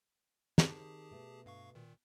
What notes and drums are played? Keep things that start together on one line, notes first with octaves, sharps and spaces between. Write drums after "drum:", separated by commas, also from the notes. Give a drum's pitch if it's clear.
D#3 C4 G4 G#4 A5, drum: snare
B2 A3 B3
G2 F5 C#6
A#2 D#3